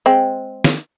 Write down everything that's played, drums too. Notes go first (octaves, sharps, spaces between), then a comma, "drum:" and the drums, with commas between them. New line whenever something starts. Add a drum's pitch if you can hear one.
G#3 C4
drum: snare